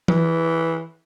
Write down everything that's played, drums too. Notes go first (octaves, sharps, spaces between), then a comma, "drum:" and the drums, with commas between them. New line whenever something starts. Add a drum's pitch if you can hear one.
E3, drum: tom E3